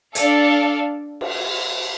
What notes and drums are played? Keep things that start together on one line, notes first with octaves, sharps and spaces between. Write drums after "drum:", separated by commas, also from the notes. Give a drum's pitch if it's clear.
D4 A4 D5 F5, drum: hi-hat
drum: cymbal